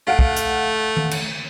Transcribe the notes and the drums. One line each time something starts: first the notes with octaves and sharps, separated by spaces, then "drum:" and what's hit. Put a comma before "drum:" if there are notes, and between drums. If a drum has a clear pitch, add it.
A3 F5 F#5 D7
drum: kick
drum: hi-hat
drum: tom D#3
drum: cymbal